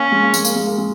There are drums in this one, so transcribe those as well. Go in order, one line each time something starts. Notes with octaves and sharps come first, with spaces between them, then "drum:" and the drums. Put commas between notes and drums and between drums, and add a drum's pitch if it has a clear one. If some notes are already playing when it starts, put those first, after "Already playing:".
Already playing: A#3 C#4
G#3
A#3
G#3, drum: tambourine
A#3, drum: tambourine
G#3
A#3
G#3